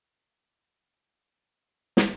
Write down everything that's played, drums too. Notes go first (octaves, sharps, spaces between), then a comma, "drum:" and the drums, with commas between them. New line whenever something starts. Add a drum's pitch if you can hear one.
D3 A3 C4 A5 C6
B5 D6
A5 C6
F5 A5
A5 C6
G#5 B5
F5 A5
F5
E5 G#5
G#5
F5 A5
drum: snare